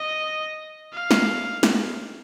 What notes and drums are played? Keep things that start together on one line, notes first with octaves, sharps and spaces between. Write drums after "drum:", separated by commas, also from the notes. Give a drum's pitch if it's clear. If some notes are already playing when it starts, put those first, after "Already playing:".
Already playing: D#5
F5
drum: snare
drum: snare